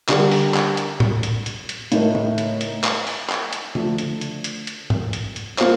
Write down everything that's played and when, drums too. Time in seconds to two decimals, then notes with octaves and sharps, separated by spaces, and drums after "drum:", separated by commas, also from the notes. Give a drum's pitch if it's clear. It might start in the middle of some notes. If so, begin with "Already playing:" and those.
0.09 D3 G3 D4 G4 A#4, drum: clap
0.31 drum: open hi-hat
0.54 drum: clap
0.77 drum: hi-hat
1.00 drum: tom A2
1.23 drum: hi-hat
1.46 drum: hi-hat
1.69 drum: hi-hat
1.92 A2 A3 D#4 A#4, drum: hi-hat
2.15 drum: tom C#3
2.38 drum: hi-hat
2.61 drum: hi-hat
2.84 drum: clap
3.07 drum: open hi-hat
3.30 drum: clap
3.53 drum: hi-hat
3.75 D3 F3 A3 D4, drum: tom C#3
3.98 drum: hi-hat
4.21 drum: hi-hat
4.44 drum: hi-hat
4.67 drum: hi-hat
4.90 drum: tom G#2
5.13 drum: hi-hat
5.36 drum: hi-hat
5.58 A#3 F4 C5, drum: clap